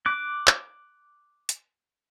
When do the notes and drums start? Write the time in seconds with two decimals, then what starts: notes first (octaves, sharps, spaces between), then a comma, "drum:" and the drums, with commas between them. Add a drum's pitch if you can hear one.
0.06 D6 F#6
0.47 drum: clap
1.49 drum: hi-hat